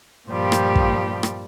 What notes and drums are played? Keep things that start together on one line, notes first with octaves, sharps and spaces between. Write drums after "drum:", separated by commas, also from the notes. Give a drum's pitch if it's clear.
G2 A#2 F3 G3 G4
drum: rim click
drum: kick
drum: rim click